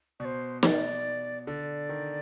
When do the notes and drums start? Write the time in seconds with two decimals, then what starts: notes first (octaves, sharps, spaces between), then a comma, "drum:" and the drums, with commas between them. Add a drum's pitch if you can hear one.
0.20 B2 D5
0.25 C5
0.63 D5, drum: snare
1.46 D3 D5
1.89 D#3